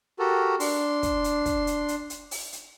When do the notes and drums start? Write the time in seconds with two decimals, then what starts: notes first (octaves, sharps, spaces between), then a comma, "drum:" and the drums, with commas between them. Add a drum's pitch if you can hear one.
0.19 F#4 G4 A4 A#4
0.60 D4 C6, drum: open hi-hat
1.03 drum: kick, hi-hat
1.24 drum: hi-hat
1.46 drum: kick, hi-hat
1.67 drum: hi-hat
1.88 drum: hi-hat
2.10 drum: hi-hat
2.31 drum: open hi-hat
2.53 drum: hi-hat